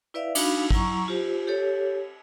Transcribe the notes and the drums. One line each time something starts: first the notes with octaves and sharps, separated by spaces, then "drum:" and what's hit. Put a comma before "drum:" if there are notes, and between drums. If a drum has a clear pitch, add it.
E4 B4 D5 E5 F5
D4 D#4 F#4 F5 B5, drum: cymbal
F#3 E4 A#5 C#6, drum: kick
F4 G4 C5
G4 A4 C#5